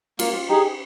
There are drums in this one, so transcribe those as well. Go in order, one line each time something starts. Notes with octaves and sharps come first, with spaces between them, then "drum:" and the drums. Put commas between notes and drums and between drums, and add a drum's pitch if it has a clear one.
A#3 F4, drum: cymbal
F4
D#4 G4 G#4